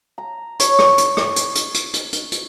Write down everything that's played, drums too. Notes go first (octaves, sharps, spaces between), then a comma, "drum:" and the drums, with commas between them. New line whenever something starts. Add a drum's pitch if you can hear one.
A#5
C#5, drum: hi-hat
drum: rim click
drum: hi-hat
drum: rim click
drum: hi-hat
drum: hi-hat
drum: hi-hat
drum: hi-hat
drum: hi-hat
drum: hi-hat